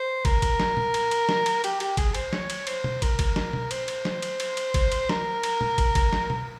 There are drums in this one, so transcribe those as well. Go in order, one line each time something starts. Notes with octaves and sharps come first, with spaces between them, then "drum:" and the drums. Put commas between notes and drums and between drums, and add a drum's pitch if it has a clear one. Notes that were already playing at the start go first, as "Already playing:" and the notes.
Already playing: C5
A#4, drum: kick, cymbal
drum: kick, cymbal
drum: snare F#3
drum: tom A#2
drum: cymbal
drum: cymbal
drum: snare F#3
drum: cymbal
G4, drum: cymbal
G4, drum: cymbal
G#4, drum: kick, cymbal
C5, drum: cymbal
C#5, drum: snare F#3
drum: cymbal
C5, drum: cymbal
drum: tom
A#4, drum: kick, cymbal
drum: kick, cymbal
drum: snare F#3
drum: tom
C5, drum: cymbal
drum: cymbal
drum: snare F#3
drum: cymbal
drum: cymbal
drum: cymbal
drum: kick, cymbal
drum: cymbal
A#4, drum: snare F#3
drum: cymbal
drum: tom A#2
drum: kick, cymbal
drum: kick, cymbal
drum: snare F#3
drum: tom